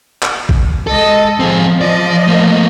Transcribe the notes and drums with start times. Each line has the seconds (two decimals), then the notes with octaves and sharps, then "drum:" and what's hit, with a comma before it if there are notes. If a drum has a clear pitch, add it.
0.23 drum: clap
0.49 drum: kick A#1
0.87 G#3 A4 D#5
1.40 F3 C4 G#4
1.81 F3 D5 D#5
2.28 A3 A#3